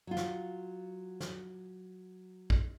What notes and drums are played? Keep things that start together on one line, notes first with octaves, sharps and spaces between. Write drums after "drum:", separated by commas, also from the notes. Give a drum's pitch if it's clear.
F#3 F4
drum: snare
drum: snare
drum: kick